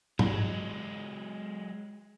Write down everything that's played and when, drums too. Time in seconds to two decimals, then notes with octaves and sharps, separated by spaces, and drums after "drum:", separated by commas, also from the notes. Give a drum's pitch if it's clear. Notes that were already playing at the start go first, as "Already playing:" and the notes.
0.19 F#3 G#3, drum: tom G#2